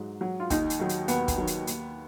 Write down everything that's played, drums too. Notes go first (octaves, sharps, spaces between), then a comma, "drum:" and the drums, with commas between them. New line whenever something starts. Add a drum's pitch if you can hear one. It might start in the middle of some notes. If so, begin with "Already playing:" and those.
Already playing: G#2 F#3
F#3
F4
D#2 D#4, drum: kick, hi-hat
drum: hi-hat
D#3 F#3
drum: hi-hat
D#2 B3, drum: hi-hat
drum: kick, hi-hat
D#3 F#3
drum: hi-hat
D#2, drum: hi-hat